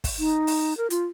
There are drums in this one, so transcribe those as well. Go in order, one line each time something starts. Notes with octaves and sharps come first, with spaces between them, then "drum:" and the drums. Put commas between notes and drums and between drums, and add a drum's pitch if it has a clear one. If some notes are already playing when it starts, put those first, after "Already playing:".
drum: kick, open hi-hat
D#4
drum: open hi-hat
A#4
F4, drum: hi-hat